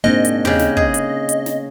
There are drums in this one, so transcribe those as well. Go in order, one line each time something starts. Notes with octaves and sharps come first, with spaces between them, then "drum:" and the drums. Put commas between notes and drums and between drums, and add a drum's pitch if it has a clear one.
G#2 A#3 C4 D4 D#5
drum: hi-hat
C#3 G4, drum: tom
drum: snare
G#4, drum: kick
drum: hi-hat
drum: hi-hat
drum: snare